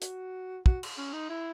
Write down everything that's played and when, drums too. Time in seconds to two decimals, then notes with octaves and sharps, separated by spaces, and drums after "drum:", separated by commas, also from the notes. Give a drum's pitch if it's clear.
0.02 F#4, drum: hi-hat
0.66 F#4, drum: kick
0.83 drum: cymbal
0.98 C#4
1.13 D#4
1.30 E4